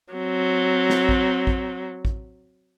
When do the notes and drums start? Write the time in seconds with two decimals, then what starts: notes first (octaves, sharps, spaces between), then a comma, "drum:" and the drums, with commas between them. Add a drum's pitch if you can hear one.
0.13 F#3 C4
0.90 drum: snare
1.09 drum: kick A1
1.47 drum: kick A1
2.05 drum: kick A1